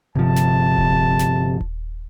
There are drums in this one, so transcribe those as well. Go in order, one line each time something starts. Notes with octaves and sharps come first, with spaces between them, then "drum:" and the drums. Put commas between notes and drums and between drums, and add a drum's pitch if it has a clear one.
G1 C3 F3 A5
drum: snare
drum: kick D#1
drum: snare
drum: kick D#1